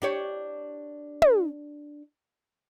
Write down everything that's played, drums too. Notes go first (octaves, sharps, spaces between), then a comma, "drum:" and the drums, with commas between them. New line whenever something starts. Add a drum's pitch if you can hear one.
D4 G4 C#5
drum: tom